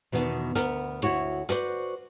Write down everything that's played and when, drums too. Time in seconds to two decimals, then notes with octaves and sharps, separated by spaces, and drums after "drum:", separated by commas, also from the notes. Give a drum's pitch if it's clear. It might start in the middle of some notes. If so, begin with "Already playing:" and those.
0.12 E2 B2 D#3 B3 D4
0.55 D2 B3 A#4, drum: hi-hat
1.03 D2 A#2 E4 F#4 C#5
1.49 F#4 B4 C5 D5, drum: hi-hat